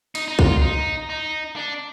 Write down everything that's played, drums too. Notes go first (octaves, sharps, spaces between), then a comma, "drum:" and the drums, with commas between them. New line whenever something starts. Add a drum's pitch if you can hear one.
D#4, drum: cymbal
D#4
F4, drum: kick B1
D#4
D#4
D4